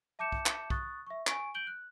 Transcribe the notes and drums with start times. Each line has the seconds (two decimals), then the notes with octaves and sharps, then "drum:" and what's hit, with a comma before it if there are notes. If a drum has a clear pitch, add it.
0.19 E5 A5 D6 G6 C#7 E7
0.32 drum: kick B1
0.46 drum: clap
0.70 C#6 D#6 F#6 A6, drum: kick B1
1.07 E5 C#6
1.27 G#5 C#6 D7, drum: clap
1.54 G6 D7 F#7 G7
1.67 F#6